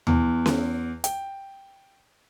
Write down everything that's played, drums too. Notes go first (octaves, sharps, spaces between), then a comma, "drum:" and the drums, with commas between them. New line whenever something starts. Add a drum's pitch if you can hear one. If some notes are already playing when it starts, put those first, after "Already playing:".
E2, drum: tom D#2
drum: snare C#4
G5, drum: hi-hat